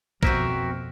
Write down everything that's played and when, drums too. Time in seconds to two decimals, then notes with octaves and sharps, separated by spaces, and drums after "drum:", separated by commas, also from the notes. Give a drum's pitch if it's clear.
0.23 F2 B2 A#3 C4 F#4 A#4 E5, drum: kick A#1